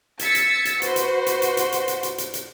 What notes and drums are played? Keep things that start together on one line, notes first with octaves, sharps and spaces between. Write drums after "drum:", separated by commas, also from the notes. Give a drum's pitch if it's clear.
E6 G#6 A6 B6 C#7, drum: hi-hat
drum: hi-hat
drum: hi-hat
F#4 B4 C5, drum: hi-hat
drum: hi-hat
drum: hi-hat
drum: hi-hat
drum: hi-hat
drum: hi-hat
drum: hi-hat
drum: hi-hat
drum: hi-hat
drum: hi-hat